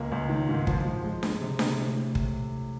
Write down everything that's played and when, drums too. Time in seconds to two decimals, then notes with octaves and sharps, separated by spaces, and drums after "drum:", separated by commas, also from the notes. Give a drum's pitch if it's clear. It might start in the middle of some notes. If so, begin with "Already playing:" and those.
Already playing: C#2 A#3
0.12 C#2
0.29 D#3
0.49 G#2
0.67 F3, drum: kick
0.85 F3
1.04 G#3
1.23 G#3, drum: snare D4
1.40 C3
1.59 C3, drum: snare D4
1.79 A2
1.96 A2
2.15 drum: kick